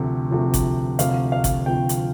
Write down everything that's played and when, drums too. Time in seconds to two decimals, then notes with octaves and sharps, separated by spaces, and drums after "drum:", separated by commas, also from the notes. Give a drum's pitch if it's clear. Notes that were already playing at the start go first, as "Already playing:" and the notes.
Already playing: D2 C3 F3
0.31 D2 C3 F3
0.54 drum: kick G1, hi-hat
0.99 D2 C3 F3 F5, drum: hi-hat
1.32 F5
1.44 drum: kick G1, hi-hat
1.66 D2 C3 F3 G5
1.89 drum: hi-hat